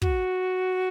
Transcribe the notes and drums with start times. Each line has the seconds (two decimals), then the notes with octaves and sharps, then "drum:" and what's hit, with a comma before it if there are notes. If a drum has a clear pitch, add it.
0.02 F#4, drum: kick